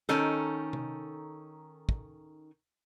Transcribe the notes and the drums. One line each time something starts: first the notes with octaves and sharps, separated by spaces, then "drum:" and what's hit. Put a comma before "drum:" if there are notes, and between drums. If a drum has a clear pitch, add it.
D#3 C#4 D#4 A4, drum: snare
drum: tom C3
drum: kick